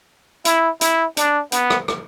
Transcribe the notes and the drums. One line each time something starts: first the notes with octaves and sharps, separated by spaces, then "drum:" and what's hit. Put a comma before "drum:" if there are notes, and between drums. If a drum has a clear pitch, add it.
E4, drum: hi-hat
E4, drum: hi-hat
D4, drum: hi-hat
B3, drum: hi-hat
drum: rim click
drum: rim click